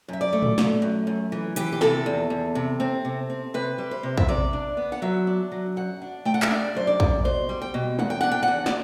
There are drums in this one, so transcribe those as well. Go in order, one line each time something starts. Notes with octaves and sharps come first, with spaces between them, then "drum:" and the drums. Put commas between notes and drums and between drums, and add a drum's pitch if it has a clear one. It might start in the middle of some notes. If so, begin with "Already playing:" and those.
F#2 E5
D5
A3
drum: tom
A3, drum: snare
F#2
F#2
E3
E3 G4, drum: hi-hat
G4
C3 A4, drum: snare
E2
E2
C3
C4
C3
C4
C3 B4
G3
C5
C3
E5, drum: kick
C3 D5
D4
B3
F#5
F#3 E5
D4
F#3
F#2 F#5
D4
A3 G5
F#5
E5, drum: clap
D4 D5
F#2 C5
D5
F#2, drum: kick
B2 C5
G3
G5
B2
E2 F#5, drum: tom
G5
D4 F#5
G5
F#5
E2
D5, drum: snare